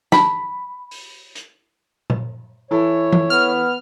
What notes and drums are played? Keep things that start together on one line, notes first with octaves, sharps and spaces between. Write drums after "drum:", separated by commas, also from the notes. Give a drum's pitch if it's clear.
B5, drum: snare
drum: open hi-hat
drum: hi-hat
drum: tom A#2
E3 E4 A4 C#5
drum: tom E3
B3 F6